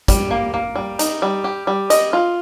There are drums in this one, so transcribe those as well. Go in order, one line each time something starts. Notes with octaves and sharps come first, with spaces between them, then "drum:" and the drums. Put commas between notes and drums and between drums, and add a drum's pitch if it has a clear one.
G3, drum: kick, hi-hat
A#3
A#3
G3
D#4, drum: hi-hat
G3
G4
G3
D#5, drum: hi-hat
F4